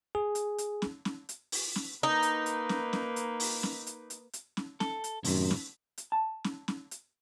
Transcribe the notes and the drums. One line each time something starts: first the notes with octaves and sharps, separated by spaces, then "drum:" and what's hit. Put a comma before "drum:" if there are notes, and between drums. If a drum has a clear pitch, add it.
G#4
drum: hi-hat
drum: hi-hat
drum: snare C#4
drum: snare C#4
drum: hi-hat
drum: open hi-hat
drum: snare C#4
A#3 D#4 B4
drum: hi-hat
drum: hi-hat
drum: snare C#4
drum: snare C#4
drum: hi-hat
drum: open hi-hat
drum: snare C#4
drum: hi-hat
drum: hi-hat
drum: hi-hat
drum: snare C#4
A4, drum: snare C#4
drum: hi-hat
F#2 A2 C3 D#3, drum: open hi-hat
drum: snare C#4
drum: hi-hat
A5
drum: snare C#4
drum: snare C#4
drum: hi-hat